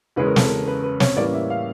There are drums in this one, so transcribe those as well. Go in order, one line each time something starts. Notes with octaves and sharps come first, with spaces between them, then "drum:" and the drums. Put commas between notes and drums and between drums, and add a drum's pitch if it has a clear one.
E2 C#3 E3 G#3 C#4 B4
A#4
A4, drum: snare
A#4
B4
B4
C#5, drum: snare
A2 E3 G3 A#3 C#4 D5
E5
F5